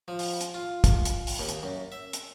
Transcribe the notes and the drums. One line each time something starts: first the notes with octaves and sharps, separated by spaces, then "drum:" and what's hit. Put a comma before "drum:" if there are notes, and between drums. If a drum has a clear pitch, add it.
F3
drum: open hi-hat
drum: hi-hat
F4
drum: kick, hi-hat
drum: hi-hat
drum: open hi-hat
D#2
drum: hi-hat
F#2
E5
drum: hi-hat